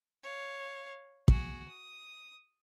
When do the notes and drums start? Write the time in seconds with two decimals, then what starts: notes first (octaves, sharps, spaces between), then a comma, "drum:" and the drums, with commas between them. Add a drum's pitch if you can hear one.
0.23 C#5 F5
1.28 F#4 G#4, drum: kick
1.68 D#6